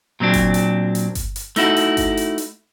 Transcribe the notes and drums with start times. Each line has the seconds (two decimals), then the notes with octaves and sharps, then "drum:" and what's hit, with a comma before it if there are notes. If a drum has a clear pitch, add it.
0.20 A#2 F#3 C4 D4
0.34 drum: kick G1, hi-hat
0.54 drum: hi-hat
0.95 drum: hi-hat
1.15 drum: kick G1, hi-hat
1.36 drum: hi-hat
1.56 A3 D#4 E4 F#4, drum: hi-hat
1.77 drum: hi-hat
1.97 drum: kick G1, hi-hat
2.17 drum: hi-hat
2.38 drum: hi-hat